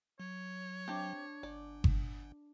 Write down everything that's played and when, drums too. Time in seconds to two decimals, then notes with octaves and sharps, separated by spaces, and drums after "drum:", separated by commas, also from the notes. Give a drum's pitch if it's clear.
0.20 F#3 C#5
0.88 C4 D4 G4
1.43 G1 D5
1.84 drum: kick G1